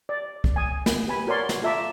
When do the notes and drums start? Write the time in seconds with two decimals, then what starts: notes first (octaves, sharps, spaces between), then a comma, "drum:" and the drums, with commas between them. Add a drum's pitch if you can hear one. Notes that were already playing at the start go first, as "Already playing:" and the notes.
0.09 D5
0.44 drum: kick
0.56 G#5 D#6
0.86 drum: snare
1.07 G4 B4 G#5 B5
1.27 F#4 A#4 C#5 D5 C6
1.49 drum: snare
1.62 F4 A4 E5 A#5 D6